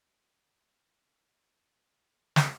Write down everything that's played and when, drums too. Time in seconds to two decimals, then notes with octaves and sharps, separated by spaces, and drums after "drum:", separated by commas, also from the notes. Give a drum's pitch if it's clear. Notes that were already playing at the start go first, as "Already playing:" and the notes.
0.04 G1 F2 D#5 F6
0.78 G#3 E4 G5 F#6
0.96 B1 F4 G6 G#6
1.42 F#2
1.72 E1 A#1 C#4
2.36 drum: snare